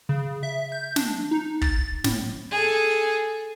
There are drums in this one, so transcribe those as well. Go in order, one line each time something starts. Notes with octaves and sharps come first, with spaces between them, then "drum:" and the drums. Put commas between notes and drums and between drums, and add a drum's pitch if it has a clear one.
C#3
E5
G6
D4, drum: snare
D#4
A6, drum: kick
A2, drum: snare
G#4 A4